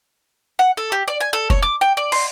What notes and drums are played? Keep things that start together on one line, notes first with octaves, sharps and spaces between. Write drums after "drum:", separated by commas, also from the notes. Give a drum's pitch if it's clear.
F#5
A4
G4
D5
G#5
A4
C#5, drum: kick F1
D6
G5
D5
C6, drum: cymbal